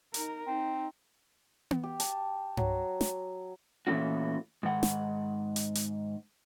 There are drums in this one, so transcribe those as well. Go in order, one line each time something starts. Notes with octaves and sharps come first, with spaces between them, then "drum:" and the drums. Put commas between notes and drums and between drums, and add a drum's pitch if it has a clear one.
D#4 A#4, drum: hi-hat
C4 D#4
drum: tom B3
G4
A5, drum: hi-hat
F#3, drum: tom G2
drum: snare
A#2 E3 G3 A3 C#4 F#4
G#2 D#3 F#5
drum: snare
drum: hi-hat
drum: hi-hat